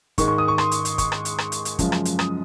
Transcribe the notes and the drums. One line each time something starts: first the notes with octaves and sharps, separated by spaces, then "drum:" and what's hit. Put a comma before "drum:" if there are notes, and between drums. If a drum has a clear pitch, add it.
G#2 D#3 G#3 C#6, drum: kick, hi-hat
C#6
D#6
C#6
C6, drum: rim click
drum: hi-hat
drum: hi-hat
C#6, drum: kick, hi-hat
drum: rim click
drum: hi-hat
drum: rim click
drum: hi-hat
drum: hi-hat
F#2 C#3 F3 G#3, drum: kick, hi-hat
drum: rim click
drum: hi-hat
D#6, drum: rim click